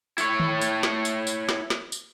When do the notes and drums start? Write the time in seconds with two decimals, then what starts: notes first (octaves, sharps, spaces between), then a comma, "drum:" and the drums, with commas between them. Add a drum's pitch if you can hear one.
0.18 E4 C#5, drum: tambourine
0.40 drum: tom D#3
0.61 drum: tambourine
0.83 drum: snare
1.05 drum: tambourine
1.27 drum: tambourine
1.49 drum: snare
1.70 drum: snare
1.92 drum: tambourine